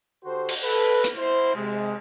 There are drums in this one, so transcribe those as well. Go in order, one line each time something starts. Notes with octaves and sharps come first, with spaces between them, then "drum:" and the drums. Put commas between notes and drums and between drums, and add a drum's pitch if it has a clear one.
D3 F#4 G4 A4 C5
drum: cymbal
A4 B4
drum: hi-hat
E4 C5
C3 G#3